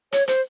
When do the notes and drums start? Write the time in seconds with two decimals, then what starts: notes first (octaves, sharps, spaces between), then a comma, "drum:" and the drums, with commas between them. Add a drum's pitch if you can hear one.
0.12 C#5, drum: hi-hat
0.28 C5, drum: hi-hat